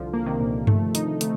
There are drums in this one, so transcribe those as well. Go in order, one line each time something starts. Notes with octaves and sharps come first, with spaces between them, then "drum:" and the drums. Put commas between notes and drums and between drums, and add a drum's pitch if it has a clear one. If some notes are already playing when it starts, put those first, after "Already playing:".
Already playing: C2 D3 F3
A#3
C3 D#3
A#2
A3, drum: tom G2
D#4, drum: hi-hat
A3, drum: hi-hat